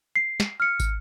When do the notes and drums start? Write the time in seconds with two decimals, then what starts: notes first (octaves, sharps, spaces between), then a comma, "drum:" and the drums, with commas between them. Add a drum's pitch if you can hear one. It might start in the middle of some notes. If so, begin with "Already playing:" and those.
0.16 C7
0.40 drum: snare
0.60 F6 C#7
0.80 drum: kick, tambourine